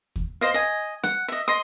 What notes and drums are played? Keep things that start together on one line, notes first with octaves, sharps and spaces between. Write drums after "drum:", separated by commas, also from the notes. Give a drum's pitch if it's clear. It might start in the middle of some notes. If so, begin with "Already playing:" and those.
drum: kick
C5 D#5 F5
D#5 G#5
F#5, drum: rim click
D#5 E5
D#5 C6 D#6